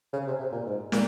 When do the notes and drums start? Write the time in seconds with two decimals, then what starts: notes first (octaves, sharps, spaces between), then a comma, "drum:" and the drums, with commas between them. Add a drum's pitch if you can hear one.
0.13 C#3
0.27 C3
0.40 C3
0.52 A#2
0.66 G#2
0.92 A#2, drum: snare